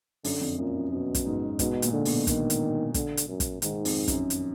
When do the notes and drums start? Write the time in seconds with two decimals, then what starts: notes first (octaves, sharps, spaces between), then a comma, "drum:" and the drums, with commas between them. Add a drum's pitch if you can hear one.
0.24 F#2 D3, drum: open hi-hat
0.41 F2
0.58 F#2 A#2
0.75 F#2
0.92 F#2 B2
1.15 drum: kick, hi-hat
1.25 G#2
1.59 G#2 B2, drum: kick, hi-hat
1.82 A#2, drum: hi-hat
1.93 D3
2.05 B2, drum: open hi-hat
2.27 D3 D#3, drum: kick, hi-hat
2.50 drum: hi-hat
2.94 D3, drum: kick, hi-hat
3.17 drum: hi-hat
3.29 F#2
3.40 drum: kick, hi-hat
3.62 G#2 D#3, drum: hi-hat
3.85 F2, drum: open hi-hat
4.08 F#2, drum: kick, hi-hat
4.30 drum: hi-hat